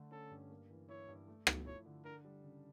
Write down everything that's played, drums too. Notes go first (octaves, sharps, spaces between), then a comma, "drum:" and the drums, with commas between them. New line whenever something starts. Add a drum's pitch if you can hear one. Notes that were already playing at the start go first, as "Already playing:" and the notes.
Already playing: D3 A3
C#4 A4
G2
A#3
E3
E4 C#5
G2
A3
F3, drum: rim click
E4 C#5
D3
D4 A#4
G3
C#3